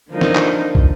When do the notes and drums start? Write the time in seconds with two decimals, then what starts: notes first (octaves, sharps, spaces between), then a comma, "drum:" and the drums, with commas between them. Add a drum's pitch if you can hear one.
0.11 D3 F3 A#3 D#4
0.21 drum: snare
0.35 drum: clap
0.75 drum: kick